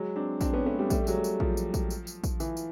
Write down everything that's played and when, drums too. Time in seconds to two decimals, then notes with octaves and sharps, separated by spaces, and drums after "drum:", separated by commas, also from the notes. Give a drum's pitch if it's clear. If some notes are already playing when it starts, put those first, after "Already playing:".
Already playing: F#3 G#3
0.16 C4 D4
0.41 C4 D4, drum: kick, tambourine
0.53 B3 C#4
0.65 A3 B3
0.79 G3 A3
0.90 G3 A3, drum: kick, tambourine
1.01 A3
1.07 F#3 G#3, drum: tambourine
1.24 drum: tambourine
1.40 F3, drum: kick
1.57 drum: tambourine
1.74 drum: kick, tambourine
1.90 drum: tambourine
2.07 drum: tambourine
2.24 drum: kick, tambourine
2.40 E3, drum: tambourine
2.57 drum: tambourine